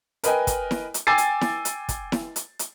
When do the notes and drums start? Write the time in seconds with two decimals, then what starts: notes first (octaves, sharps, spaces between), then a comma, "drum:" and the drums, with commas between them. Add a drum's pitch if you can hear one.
0.24 A#4 B4 D#5 G5 G#5, drum: hi-hat
0.47 drum: kick, hi-hat
0.71 drum: snare E4
0.94 drum: hi-hat
1.07 G5 G#5 D6 E6 A6 C7
1.18 drum: hi-hat
1.41 drum: snare E4
1.65 drum: hi-hat
1.89 drum: kick, hi-hat
2.12 drum: snare E4
2.36 drum: hi-hat
2.59 drum: hi-hat